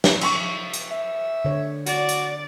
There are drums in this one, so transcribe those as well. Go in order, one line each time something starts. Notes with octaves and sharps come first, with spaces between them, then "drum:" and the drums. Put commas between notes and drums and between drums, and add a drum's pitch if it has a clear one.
drum: snare
C#6 E6, drum: cymbal
drum: hi-hat
E5
D3 C#5
F#4 D5, drum: hi-hat
drum: hi-hat